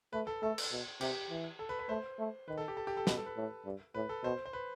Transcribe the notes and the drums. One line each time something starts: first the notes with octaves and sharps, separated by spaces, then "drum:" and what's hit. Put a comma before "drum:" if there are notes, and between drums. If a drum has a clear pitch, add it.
A3 B4
A4
A3 A4
drum: cymbal
B2
C3 G4, drum: cymbal
E3
A4
B4
B4
A3 C5
A3
D#3 B4
A4
G4
A4
G4
A4
B2 B4, drum: snare
A4
B4
A2
G2
A2 B4
A4
B2 C5
C5
B4